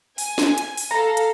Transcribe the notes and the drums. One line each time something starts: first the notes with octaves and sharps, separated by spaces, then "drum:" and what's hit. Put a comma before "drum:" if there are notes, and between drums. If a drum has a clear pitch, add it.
G#5, drum: open hi-hat
drum: snare
drum: hi-hat
drum: open hi-hat
A4 F5 A#5
drum: hi-hat